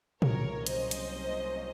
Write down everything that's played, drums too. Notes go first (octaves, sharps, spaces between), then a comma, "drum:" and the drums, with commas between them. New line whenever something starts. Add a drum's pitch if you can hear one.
C2 C3 F#3 A#3 C#4 A#4 C#5, drum: tom
C5 D#5, drum: hi-hat
drum: hi-hat